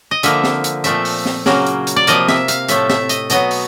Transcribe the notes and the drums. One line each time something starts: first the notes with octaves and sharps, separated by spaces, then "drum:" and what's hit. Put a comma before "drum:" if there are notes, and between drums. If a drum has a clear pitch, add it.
D#5
D3 F3 A#3 E5, drum: hi-hat
drum: snare
drum: hi-hat
A#2 F3 A3 C4 E5, drum: hi-hat
drum: open hi-hat
drum: snare
C#3 F#3 A#3, drum: snare
drum: hi-hat
drum: hi-hat
D5
C3 F3 A#3 D#5, drum: hi-hat
E5, drum: snare
F5, drum: hi-hat
A2 F3 A3 E5, drum: hi-hat
E5, drum: snare
D#5, drum: hi-hat
B2 F#3 B3 D#5, drum: hi-hat
drum: open hi-hat